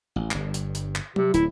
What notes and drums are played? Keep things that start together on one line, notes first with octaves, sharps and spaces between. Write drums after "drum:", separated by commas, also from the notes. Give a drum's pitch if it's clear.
A1
G1 G2, drum: clap
drum: hi-hat
drum: hi-hat
drum: clap
C3, drum: tom F#3
D1 E4, drum: hi-hat